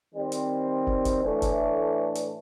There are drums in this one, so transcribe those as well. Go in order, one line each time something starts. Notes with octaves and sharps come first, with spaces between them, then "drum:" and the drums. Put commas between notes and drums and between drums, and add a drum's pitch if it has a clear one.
D#3 G3 C4
drum: hi-hat
drum: kick
drum: kick, hi-hat
A2 E3 A3 D4
drum: kick, hi-hat
drum: hi-hat